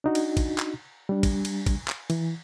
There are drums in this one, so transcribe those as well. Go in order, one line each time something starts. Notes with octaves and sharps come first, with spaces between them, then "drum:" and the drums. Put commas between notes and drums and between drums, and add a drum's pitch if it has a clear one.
D4 D#4 F#4
drum: cymbal
drum: kick, cymbal
drum: clap
G3 D4
drum: kick, cymbal
drum: cymbal
drum: kick, cymbal
drum: clap
E3, drum: cymbal